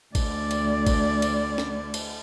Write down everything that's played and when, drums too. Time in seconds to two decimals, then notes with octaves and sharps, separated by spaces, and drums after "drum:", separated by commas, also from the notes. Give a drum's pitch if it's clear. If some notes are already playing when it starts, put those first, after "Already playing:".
0.15 D2 D5, drum: kick G#1, cymbal
0.51 drum: cymbal
0.87 drum: kick G#1, cymbal
1.22 drum: cymbal
1.58 drum: snare
1.94 drum: cymbal